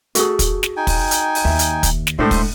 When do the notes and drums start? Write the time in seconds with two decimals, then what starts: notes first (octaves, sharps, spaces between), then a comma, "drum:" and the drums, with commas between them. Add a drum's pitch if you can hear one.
0.15 A3 F#4 G#4, drum: hi-hat
0.39 drum: kick, hi-hat
0.63 drum: snare
0.77 D#4 G5 G#5
0.87 drum: kick, open hi-hat
1.11 drum: hi-hat
1.35 drum: open hi-hat
1.45 D#2 E5
1.59 drum: hi-hat
1.83 drum: kick, hi-hat
2.07 drum: snare
2.19 A2 G#3 D4 C5 E5 C6
2.31 drum: kick, open hi-hat